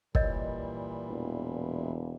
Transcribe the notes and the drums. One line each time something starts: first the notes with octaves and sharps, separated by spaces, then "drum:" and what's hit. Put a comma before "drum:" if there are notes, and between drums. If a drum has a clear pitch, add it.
A#2 E3 G3 A#4 C#5 D#5, drum: kick
E1